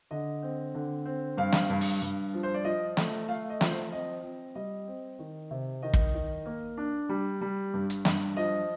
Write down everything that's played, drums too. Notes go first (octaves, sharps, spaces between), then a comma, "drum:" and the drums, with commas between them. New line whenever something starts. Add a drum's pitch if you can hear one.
D3 D#5
C4
D3
C4
G2 F5
drum: snare
G2
drum: open hi-hat
G2
F3
C5
D5
F3 D#5
A3, drum: snare
A3 F5
D#5
F3, drum: snare
C5
C4 D#5
C4
G3 D#5
C4
D#3
C3
D#3 D#5
drum: kick
D#3
A#3
D4
G3
G3
G2
drum: hi-hat
G2, drum: snare
F3 D#5